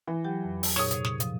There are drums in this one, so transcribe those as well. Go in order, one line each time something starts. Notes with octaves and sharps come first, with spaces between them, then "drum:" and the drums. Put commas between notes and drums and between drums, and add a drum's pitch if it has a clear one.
E3
F#3 G4 G5
F2
drum: open hi-hat
A#2 D#4 G#4 C#5 D#6, drum: snare
A2 C3, drum: hi-hat
drum: snare
F3, drum: hi-hat